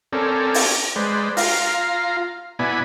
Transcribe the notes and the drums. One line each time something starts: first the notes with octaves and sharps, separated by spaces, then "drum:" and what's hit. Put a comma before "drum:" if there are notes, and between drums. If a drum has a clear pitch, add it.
C4 C#4 A4 A#4 D5
drum: open hi-hat
G#3 B4 C5 D5
F4 F5 A#5, drum: open hi-hat
B2 B3 E4 D5 G#5 B5